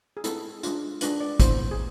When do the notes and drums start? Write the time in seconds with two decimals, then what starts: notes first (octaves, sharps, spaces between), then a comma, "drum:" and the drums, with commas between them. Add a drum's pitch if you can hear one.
0.17 G#4
0.24 G#3 C4 E4 A4, drum: hi-hat
0.63 G#3 D4 F4, drum: hi-hat
1.01 G#3 D4 F4 B4, drum: hi-hat
1.21 D5
1.40 B3 E4 C5, drum: kick, hi-hat
1.71 G#4